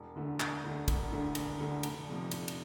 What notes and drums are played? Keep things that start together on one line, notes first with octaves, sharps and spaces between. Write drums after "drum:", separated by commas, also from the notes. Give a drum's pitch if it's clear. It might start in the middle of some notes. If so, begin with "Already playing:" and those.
Already playing: E1
D2 D3 A3
E1, drum: clap
D2 D3 A3
E1, drum: kick, cymbal
D2 D3 A3
E1, drum: cymbal
D2 D3 A3
F1, drum: cymbal
F2 C3 F3
F1, drum: cymbal
drum: cymbal